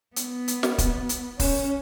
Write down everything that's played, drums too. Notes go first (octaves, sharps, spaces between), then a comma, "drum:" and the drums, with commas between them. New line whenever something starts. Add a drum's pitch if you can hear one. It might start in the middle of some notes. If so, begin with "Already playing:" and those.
B3, drum: hi-hat
drum: hi-hat
drum: snare
drum: kick, hi-hat
drum: hi-hat
C#4, drum: kick, open hi-hat